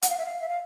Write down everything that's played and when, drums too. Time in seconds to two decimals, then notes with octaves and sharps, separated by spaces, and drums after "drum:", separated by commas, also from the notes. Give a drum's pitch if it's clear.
0.02 F#5, drum: hi-hat
0.10 F5
0.18 E5
0.25 F5
0.41 E5
0.49 F5